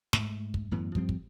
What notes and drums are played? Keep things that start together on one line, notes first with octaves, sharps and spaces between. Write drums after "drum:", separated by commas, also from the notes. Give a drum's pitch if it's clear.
G#2 A3, drum: snare
drum: kick
F#2 A2 E3 B3
G2 F3 G3 C4, drum: kick
drum: kick